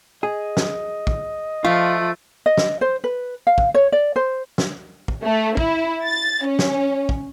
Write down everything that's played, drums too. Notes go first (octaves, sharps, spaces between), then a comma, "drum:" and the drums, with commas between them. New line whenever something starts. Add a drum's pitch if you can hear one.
G#4 D#5
drum: snare
drum: kick
F3 A3 F4
D#5
drum: snare
C5
B4
F5
drum: kick
C#5
D5
C5
drum: snare
drum: kick
A3
E4, drum: kick
A6
C#4
drum: snare
drum: kick